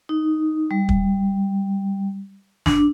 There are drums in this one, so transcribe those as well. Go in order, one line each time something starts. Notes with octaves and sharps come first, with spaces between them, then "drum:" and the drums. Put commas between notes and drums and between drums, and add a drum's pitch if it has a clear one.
D#4
G3
drum: kick
D4, drum: snare